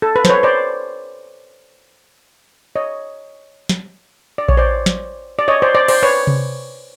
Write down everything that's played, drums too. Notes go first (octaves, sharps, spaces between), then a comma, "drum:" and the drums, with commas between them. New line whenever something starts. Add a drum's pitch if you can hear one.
A4
B4
C5, drum: snare
B4 C#5
C5 D5
C#5 D#5
drum: snare
D5
C#5, drum: kick A#1
C5 D5
drum: snare
D5
C#5 D#5
C5 D5
C5 D5
C5 D5, drum: cymbal
B4 C#5
drum: tom C3